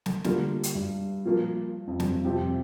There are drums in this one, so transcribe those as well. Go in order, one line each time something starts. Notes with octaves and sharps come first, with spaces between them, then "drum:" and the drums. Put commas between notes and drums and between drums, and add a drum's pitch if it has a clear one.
drum: snare
D3 G3 A#3 F4, drum: snare
drum: hi-hat
G2
A#2 F3 A#3
F2
G2, drum: snare
F2 C3 F3 C4 G4